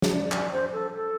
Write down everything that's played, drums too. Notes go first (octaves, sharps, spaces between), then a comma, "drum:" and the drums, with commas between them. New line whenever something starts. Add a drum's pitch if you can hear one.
drum: snare
D5
D5, drum: clap
C5
A4
A4